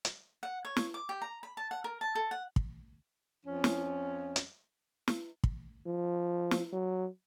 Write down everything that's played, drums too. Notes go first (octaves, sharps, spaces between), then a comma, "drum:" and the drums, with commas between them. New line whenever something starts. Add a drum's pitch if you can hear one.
drum: hi-hat
F#5
C#5
drum: snare
D6
G4
A#5
B5
A5
F#5
A#4
A5
A4
F#5
drum: kick
F2 F3 C#4
drum: snare
drum: hi-hat
drum: snare
drum: kick
F3
drum: snare
F#3